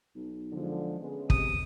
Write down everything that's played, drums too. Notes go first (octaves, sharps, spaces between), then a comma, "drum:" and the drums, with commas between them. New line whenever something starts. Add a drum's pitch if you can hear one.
B1
D3 F3 G#3
G#3 B3 C#4
C3 D#6, drum: kick